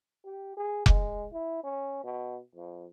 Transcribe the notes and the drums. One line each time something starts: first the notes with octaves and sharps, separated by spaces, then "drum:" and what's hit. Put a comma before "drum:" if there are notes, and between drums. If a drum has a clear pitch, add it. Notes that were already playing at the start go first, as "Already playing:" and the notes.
G4
G#4
G#3, drum: kick F1
E4
C#4
B2
F2